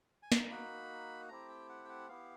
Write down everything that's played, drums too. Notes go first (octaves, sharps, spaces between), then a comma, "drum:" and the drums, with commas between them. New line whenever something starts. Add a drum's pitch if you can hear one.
G#5
A5, drum: snare
A#5
A#3 D#4 F#4 B5
A3 C4 E4 G4 A#5
G5
F#5
G5
F#5
B3 E4 G4 F5